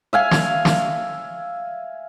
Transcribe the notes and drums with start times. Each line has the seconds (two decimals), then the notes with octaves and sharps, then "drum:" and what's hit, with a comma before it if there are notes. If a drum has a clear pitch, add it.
0.13 E5 F5 G#5
0.31 drum: snare
0.65 drum: snare